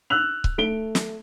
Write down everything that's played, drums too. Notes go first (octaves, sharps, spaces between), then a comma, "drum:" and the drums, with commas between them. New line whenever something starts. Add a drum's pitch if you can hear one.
E6 F#6 F7
drum: kick C#1
A3 D7 G7
drum: snare